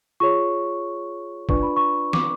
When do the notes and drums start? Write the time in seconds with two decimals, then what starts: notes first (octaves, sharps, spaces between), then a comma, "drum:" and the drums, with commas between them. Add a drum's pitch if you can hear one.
0.20 F4 G#4 C#5 C#6
1.49 D4 F4 B4 D5 C#6, drum: kick
1.63 B5
1.76 C#6
2.13 D6, drum: snare